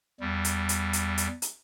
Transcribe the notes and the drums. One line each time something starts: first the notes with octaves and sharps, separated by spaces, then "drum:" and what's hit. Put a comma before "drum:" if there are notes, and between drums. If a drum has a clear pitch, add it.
E2 G3
drum: hi-hat
drum: hi-hat
drum: hi-hat
drum: hi-hat
drum: hi-hat